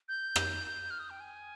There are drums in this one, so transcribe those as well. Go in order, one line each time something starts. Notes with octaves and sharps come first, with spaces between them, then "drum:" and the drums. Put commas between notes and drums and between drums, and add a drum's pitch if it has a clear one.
G6
drum: rim click
F6
D#6
G5
G#5